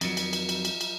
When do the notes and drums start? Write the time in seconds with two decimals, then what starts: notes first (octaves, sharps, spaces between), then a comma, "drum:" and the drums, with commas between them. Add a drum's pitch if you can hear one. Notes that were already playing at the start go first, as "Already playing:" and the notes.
0.01 F2 D#3 F#3, drum: cymbal
0.17 drum: cymbal
0.33 drum: cymbal
0.49 drum: cymbal
0.65 drum: cymbal
0.81 drum: cymbal